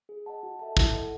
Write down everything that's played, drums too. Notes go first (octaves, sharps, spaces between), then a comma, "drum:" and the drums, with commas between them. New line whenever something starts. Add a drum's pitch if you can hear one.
G#4
D#5 F#5 A5
F#4
A4 E5 A5
E4, drum: kick
A4 D#5 F#5